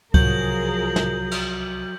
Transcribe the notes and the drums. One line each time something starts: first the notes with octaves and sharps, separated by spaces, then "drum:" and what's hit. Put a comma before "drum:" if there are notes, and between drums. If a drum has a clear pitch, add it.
C2 F3 F#3 G#4 A#4 G6 F#7, drum: kick
drum: snare
drum: cymbal